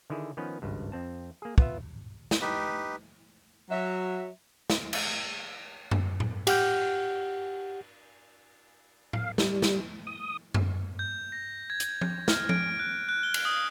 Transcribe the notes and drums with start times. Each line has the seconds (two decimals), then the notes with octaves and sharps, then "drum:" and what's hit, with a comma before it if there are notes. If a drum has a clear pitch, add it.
0.10 D3 D#3 E4 G#4
0.37 D#3 F3 B3 C#4 B4
0.62 G#1 C#2 G2
0.92 F2 C4 A5
1.42 A#3 G#4
1.58 B3 F4 E5, drum: kick
2.31 drum: snare
2.41 D#4 G4 B4
3.70 F#3 E5
4.70 drum: snare
4.93 drum: cymbal
5.91 drum: tom F#2
6.20 drum: tom A2
6.47 G4 F#5 F6 G6, drum: cymbal
9.13 F5, drum: tom A2
9.38 G3, drum: snare
9.62 drum: snare
10.07 D#6
10.54 drum: tom F#2
10.99 G6
11.32 A#6
11.70 G#6
11.80 drum: hi-hat
12.01 drum: tom F3
12.28 F6, drum: snare
12.49 D7, drum: tom F3
12.79 F#6
13.09 F#6
13.23 G7
13.34 drum: cymbal
13.45 D#6